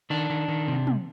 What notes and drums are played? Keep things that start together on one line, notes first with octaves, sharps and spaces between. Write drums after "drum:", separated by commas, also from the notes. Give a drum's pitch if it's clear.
D#3 D4
D#3
D#3
C3
drum: tom